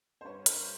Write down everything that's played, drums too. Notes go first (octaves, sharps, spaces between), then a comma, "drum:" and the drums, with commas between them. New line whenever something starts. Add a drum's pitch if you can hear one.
C5
G2 B4 C#5
A#4 C5, drum: hi-hat